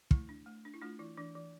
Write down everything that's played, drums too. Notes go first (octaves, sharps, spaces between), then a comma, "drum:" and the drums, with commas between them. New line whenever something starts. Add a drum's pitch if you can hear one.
A3 E4, drum: kick
D4
A3
D4
E4
A3 D4 F4
E3 E4
E3 D4
E3